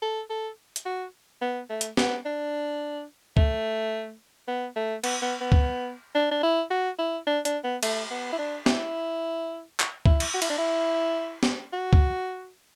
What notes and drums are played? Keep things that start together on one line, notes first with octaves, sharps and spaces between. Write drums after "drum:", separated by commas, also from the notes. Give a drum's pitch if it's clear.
A4
A4
drum: hi-hat
F#4
B3
A3
drum: hi-hat
B3, drum: snare
D4
A3, drum: kick
B3
A3
B3, drum: cymbal
B3
B3
drum: kick
D4
D4
E4
F#4
E4
D4
D4, drum: hi-hat
B3
A3, drum: cymbal
B3
E4
D4
E4, drum: snare
drum: clap
E4, drum: kick
drum: cymbal
F#4
E4, drum: cymbal
D4
E4
drum: snare
F#4
drum: kick